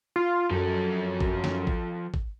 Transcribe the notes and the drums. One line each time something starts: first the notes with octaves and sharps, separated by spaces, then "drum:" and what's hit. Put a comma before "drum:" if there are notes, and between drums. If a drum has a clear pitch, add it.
F4
F#2 F3 A4
drum: kick
drum: snare
drum: kick
drum: kick